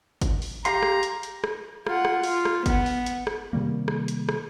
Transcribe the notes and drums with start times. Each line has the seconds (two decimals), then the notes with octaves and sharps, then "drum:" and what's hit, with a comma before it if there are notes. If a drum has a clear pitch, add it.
0.21 drum: kick G1, hi-hat
0.42 drum: open hi-hat
0.65 G4 F5 A#5 C6, drum: hi-hat
0.83 drum: rim click
1.03 drum: hi-hat
1.23 drum: hi-hat
1.44 drum: rim click
1.87 F4 F#5, drum: rim click
2.05 drum: rim click
2.23 F4, drum: open hi-hat
2.45 drum: rim click
2.66 B3 F#5, drum: kick G1, hi-hat
2.86 drum: open hi-hat
3.06 drum: hi-hat
3.27 drum: rim click
3.53 C3 D#3 G3 A#3
3.88 drum: rim click
4.08 drum: hi-hat
4.29 drum: rim click